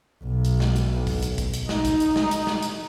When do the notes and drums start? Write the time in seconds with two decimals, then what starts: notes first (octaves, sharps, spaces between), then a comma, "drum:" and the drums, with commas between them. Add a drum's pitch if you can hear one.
0.24 B1
0.45 drum: hi-hat
0.60 drum: snare
0.76 drum: hi-hat
1.07 drum: kick, open hi-hat
1.22 drum: hi-hat
1.38 drum: kick, hi-hat
1.54 drum: hi-hat
1.69 D#4, drum: snare
1.85 drum: kick, hi-hat
2.00 drum: hi-hat
2.16 drum: snare
2.31 drum: hi-hat
2.47 drum: snare
2.62 drum: hi-hat